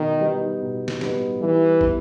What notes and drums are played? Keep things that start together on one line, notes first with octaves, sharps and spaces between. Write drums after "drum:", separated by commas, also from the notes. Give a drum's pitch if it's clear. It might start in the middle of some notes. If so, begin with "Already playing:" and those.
Already playing: B2 D#3
G3 B3 D#4
B2
drum: snare
G3 B3 D#4, drum: snare
E3 G3
B3 E4, drum: kick